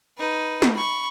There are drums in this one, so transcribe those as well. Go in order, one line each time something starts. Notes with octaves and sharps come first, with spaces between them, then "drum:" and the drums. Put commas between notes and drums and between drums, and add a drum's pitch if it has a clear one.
D#4 B4
drum: snare
B5 C#6